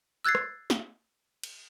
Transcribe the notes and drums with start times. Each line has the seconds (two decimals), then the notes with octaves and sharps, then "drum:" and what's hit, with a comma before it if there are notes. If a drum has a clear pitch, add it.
0.25 E6 F#6 G#6 A6 C7
0.35 drum: rim click
0.70 drum: snare
1.43 drum: cymbal